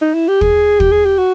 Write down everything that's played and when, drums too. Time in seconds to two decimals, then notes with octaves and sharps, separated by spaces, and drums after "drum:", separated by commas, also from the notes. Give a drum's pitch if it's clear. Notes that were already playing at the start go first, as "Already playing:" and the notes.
0.01 D#4
0.14 E4
0.28 G4
0.41 G#4, drum: kick
0.80 G4, drum: kick
0.92 G#4
1.05 G4
1.18 F#4